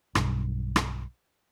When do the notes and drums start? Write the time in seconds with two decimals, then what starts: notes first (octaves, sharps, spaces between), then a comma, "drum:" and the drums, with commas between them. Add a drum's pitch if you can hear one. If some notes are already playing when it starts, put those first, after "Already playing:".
0.15 B1 G2, drum: rim click
0.76 drum: rim click